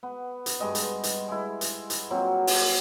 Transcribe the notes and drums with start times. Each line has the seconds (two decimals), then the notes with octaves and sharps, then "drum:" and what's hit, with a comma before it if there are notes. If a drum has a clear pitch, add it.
0.03 B3
0.46 drum: hi-hat
0.60 G2 G#3 D#5 G5
0.75 drum: hi-hat
1.03 drum: hi-hat
1.28 G#3 E4
1.61 drum: hi-hat
1.90 drum: hi-hat
2.10 A#2 F#3 C4
2.47 drum: open hi-hat